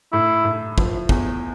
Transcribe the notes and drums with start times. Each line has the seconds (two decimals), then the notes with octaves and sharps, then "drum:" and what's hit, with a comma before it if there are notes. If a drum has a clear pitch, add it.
0.13 A2 E4
0.44 A2
0.78 F3, drum: kick
1.09 E2, drum: kick